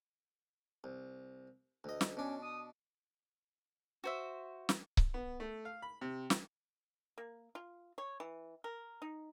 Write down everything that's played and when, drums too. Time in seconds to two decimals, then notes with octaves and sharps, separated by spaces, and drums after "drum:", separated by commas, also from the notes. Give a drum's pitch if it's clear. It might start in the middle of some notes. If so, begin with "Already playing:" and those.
0.84 C2
1.84 D2 D#5
2.01 drum: snare
2.17 B2 C#4 D4
2.42 D#6
4.04 F#4 C5 E5
4.69 drum: snare
4.97 drum: kick C#1
5.14 B3
5.40 A3
5.65 F5
5.82 B5
6.01 C3
6.30 drum: snare
7.18 A#3
7.55 F4
7.98 C#5
8.20 E3
8.64 A#4
9.02 D#4